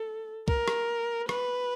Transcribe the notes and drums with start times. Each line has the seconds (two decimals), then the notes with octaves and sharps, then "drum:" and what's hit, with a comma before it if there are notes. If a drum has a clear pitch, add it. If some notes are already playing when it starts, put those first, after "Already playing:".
Already playing: A4
0.48 A#4, drum: kick C2
0.68 drum: rim click
1.29 B4, drum: rim click